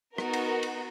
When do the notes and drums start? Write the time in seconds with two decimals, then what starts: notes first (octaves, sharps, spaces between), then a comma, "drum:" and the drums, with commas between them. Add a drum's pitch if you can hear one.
0.18 B3 D#4 F#4 A#4, drum: rim click
0.33 drum: cymbal
0.63 drum: cymbal